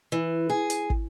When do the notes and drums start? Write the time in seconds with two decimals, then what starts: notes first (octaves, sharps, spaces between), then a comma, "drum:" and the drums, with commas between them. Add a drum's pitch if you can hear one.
0.12 E3
0.50 G#4
0.70 drum: hi-hat
0.90 drum: kick